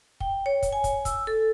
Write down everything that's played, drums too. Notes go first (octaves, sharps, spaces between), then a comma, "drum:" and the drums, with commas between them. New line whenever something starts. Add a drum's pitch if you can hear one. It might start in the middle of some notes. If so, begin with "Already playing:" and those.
G5, drum: kick
C#5
drum: kick, hi-hat
G#5
drum: kick, hi-hat
E6, drum: kick, hi-hat
A4